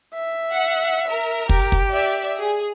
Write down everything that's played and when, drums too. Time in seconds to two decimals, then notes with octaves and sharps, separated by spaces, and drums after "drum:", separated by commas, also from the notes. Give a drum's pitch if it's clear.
0.14 E5
0.52 F#5
1.09 A#4
1.49 G4, drum: kick
1.72 drum: kick
1.89 D5 E5
2.37 G#4